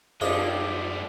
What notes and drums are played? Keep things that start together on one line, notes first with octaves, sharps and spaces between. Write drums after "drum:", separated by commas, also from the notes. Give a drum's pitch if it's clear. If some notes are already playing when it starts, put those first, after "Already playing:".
F#2 G#3 A3 F4 D5 D#5, drum: cymbal